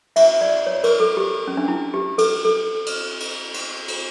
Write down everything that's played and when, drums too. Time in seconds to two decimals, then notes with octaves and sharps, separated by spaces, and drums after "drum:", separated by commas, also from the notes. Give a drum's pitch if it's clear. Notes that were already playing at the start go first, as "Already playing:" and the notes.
0.16 E5, drum: cymbal
0.41 D5
0.67 C#5
0.84 A#4, drum: cymbal
1.00 A4
1.17 G4
1.48 C#4
1.57 D4
1.68 E4
1.94 G4
2.18 A4, drum: cymbal
2.45 A4
2.86 drum: cymbal
3.20 drum: cymbal
3.54 drum: cymbal
3.88 drum: cymbal